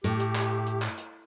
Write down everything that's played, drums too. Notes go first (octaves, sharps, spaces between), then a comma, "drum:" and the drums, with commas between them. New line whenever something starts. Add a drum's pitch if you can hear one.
A2 G4, drum: hi-hat
drum: hi-hat
drum: clap
drum: hi-hat
drum: clap
drum: hi-hat